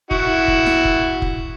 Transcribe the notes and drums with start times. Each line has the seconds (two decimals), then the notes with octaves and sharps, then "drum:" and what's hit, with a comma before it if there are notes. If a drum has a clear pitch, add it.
0.11 E4 F#4, drum: kick
0.48 drum: kick
0.66 drum: snare
0.85 drum: kick
1.22 drum: kick